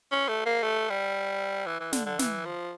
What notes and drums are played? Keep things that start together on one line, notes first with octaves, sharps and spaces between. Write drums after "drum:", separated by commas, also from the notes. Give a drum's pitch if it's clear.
C#4
A3
A#3
A3
G3
E3
E3
D3, drum: snare
D3
E3, drum: snare
F3